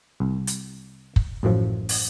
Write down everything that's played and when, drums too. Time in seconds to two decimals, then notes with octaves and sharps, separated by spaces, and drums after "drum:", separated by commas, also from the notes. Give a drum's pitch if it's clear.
0.20 C2
0.47 drum: hi-hat
1.16 drum: kick
1.43 A1 F#2 A2 F3
1.89 drum: open hi-hat